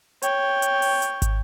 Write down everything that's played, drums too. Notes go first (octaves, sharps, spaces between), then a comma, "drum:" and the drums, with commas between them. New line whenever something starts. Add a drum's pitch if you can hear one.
C#5 G5, drum: hi-hat
drum: hi-hat
drum: open hi-hat
drum: hi-hat
drum: kick, hi-hat